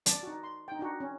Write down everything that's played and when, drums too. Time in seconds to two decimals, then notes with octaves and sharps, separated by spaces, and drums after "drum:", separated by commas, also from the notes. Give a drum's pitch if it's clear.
0.06 D5 A5, drum: hi-hat
0.23 D#4 F#4
0.43 C6
0.68 D#4 G5
0.79 D4 D#4 F#4
1.00 C#4